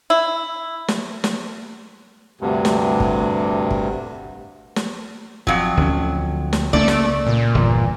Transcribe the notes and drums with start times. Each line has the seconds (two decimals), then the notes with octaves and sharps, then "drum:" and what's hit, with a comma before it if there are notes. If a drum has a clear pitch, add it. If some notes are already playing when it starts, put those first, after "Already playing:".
0.10 E4
0.88 drum: snare
1.24 drum: snare
2.41 D2 G2 C3
2.65 drum: snare
3.00 drum: kick G#1
3.71 drum: kick G#1
4.76 drum: snare
5.47 F2 F#3, drum: kick G#1
5.77 D2 C#4
6.53 drum: snare
6.73 C#2 A3 A#3 C#4 D5
6.88 drum: snare
7.26 A#2
7.55 G1 E2